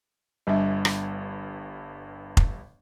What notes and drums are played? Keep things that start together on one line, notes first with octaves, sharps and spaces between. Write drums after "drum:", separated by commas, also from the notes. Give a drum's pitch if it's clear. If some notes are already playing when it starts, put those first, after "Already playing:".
G1 G2 G3 D4 E5
drum: rim click
drum: kick F1